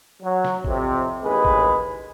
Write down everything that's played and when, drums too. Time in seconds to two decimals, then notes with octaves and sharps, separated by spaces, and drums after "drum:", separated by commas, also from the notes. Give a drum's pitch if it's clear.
0.21 F#3
0.44 drum: snare
0.65 F2 C3, drum: kick G#1
1.23 A1 D#2 G#3 G#4 B4
1.45 drum: kick G#1